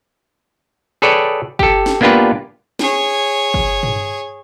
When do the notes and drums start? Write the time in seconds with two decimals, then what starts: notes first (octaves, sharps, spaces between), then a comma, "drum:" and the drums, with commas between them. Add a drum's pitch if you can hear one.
1.02 G#4 A4 B4 C#5 D5 G5
1.59 G4 A4, drum: kick
1.86 drum: snare C#4
2.01 A#3 B3 D4 F4 G4 B4
2.79 G#4 C#5, drum: snare C#4
3.54 drum: kick
3.83 drum: tom G2